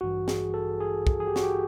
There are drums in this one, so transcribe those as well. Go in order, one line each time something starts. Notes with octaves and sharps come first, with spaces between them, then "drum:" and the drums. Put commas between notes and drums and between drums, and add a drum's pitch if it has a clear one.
A1 G2 E3 F#4
G#4, drum: snare
A4
G#4
drum: kick
G#4
G4
F#4, drum: snare
G4